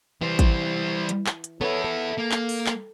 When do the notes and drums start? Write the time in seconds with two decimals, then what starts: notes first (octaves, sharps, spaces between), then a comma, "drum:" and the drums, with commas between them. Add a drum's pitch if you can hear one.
0.21 E3 G3 C5
0.39 drum: kick, hi-hat
1.09 drum: hi-hat
1.26 drum: clap
1.44 drum: hi-hat
1.61 B3 E4 A4 B4 C#5
1.85 A4
2.18 A#3
2.31 drum: clap
2.49 drum: open hi-hat
2.66 drum: clap